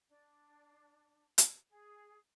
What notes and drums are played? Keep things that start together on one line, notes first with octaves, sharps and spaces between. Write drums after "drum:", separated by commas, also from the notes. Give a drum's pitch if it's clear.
D4
drum: hi-hat
G#4